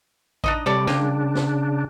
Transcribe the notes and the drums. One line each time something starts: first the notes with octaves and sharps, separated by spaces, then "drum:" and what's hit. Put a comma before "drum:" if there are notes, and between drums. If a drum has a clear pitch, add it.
D4 D#4 D#5, drum: kick A1
C3 G3 A4 C#5 D5
C#3 A#3 D4 F4 G4, drum: snare
drum: tom G3
drum: snare